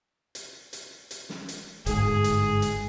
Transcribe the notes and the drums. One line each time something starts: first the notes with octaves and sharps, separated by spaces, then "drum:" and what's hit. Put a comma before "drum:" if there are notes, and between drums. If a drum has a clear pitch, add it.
drum: hi-hat
drum: hi-hat
drum: hi-hat
drum: snare
drum: hi-hat
G1 G#2 G#4, drum: hi-hat
drum: hi-hat
drum: hi-hat